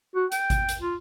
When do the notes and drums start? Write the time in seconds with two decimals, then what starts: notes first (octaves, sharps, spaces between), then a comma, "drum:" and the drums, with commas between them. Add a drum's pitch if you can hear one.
0.15 F#4
0.32 G5, drum: hi-hat
0.50 drum: kick G#1, hi-hat
0.69 drum: hi-hat
0.81 F4